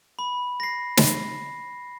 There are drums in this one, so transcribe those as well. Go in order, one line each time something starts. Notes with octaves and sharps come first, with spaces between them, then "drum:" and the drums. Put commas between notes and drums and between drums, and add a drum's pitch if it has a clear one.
B5
A#6 C7
drum: snare